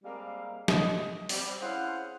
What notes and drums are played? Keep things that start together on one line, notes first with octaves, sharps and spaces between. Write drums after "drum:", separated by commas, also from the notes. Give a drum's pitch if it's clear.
G3 G#3 A#3 C4 F5
D#5, drum: snare
G3 C4, drum: open hi-hat
C#4 E4 G#4 C5 F5 F#5